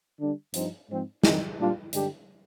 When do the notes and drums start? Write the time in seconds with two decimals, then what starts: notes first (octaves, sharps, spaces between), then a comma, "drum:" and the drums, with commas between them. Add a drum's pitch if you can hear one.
0.19 D3 G3 D4
0.54 G2 F3 C4 D#4, drum: hi-hat
0.89 G#2 F3 G#3 C4
1.23 F2 D#3 G#3 D#4, drum: snare
1.58 A#2 G3 D4 F4
1.93 G2 D3 G#3 D4 G4, drum: hi-hat